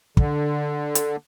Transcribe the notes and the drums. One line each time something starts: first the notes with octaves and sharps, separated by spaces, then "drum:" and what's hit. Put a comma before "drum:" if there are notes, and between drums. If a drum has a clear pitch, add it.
D3, drum: kick
drum: hi-hat